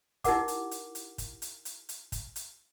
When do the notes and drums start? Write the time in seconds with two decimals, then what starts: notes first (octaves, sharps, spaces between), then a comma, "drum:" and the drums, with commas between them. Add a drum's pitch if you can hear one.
0.24 D#4 E4 G4 A#4 F#5 D6, drum: kick, hi-hat
0.48 drum: hi-hat
0.71 drum: hi-hat
0.95 drum: hi-hat
1.18 drum: kick, hi-hat
1.42 drum: hi-hat
1.65 drum: hi-hat
1.89 drum: hi-hat
2.12 drum: kick, hi-hat
2.36 drum: hi-hat